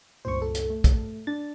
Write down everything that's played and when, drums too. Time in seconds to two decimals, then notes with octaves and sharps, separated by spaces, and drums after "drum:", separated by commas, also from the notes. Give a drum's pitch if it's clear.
0.25 C#2 G2 A#2 C5 C#6
0.42 A4
0.54 drum: hi-hat
0.70 A3
0.84 drum: kick, hi-hat
1.27 D4 A6